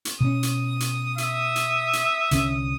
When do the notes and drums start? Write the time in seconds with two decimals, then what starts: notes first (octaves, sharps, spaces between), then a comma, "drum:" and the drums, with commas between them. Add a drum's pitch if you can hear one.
0.05 drum: hi-hat
0.20 B2 C#4 D#6
0.43 drum: hi-hat
0.80 drum: hi-hat
1.18 E5, drum: hi-hat
1.56 drum: hi-hat
1.93 drum: hi-hat
2.31 C2 D3 C#4, drum: hi-hat